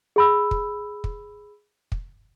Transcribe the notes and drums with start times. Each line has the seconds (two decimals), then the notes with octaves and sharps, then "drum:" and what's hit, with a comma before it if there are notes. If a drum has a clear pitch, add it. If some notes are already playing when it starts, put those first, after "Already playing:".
0.16 G#4 B5 E6
0.51 drum: kick
1.04 drum: kick
1.92 drum: kick